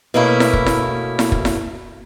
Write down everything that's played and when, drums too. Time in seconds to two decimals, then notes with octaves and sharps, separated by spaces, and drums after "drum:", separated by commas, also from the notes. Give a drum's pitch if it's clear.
0.14 B2 A3 A#3 C#4 E4
0.40 drum: snare E4
0.53 drum: kick
0.66 drum: snare E4
1.19 drum: snare E4
1.32 drum: kick
1.45 drum: snare E4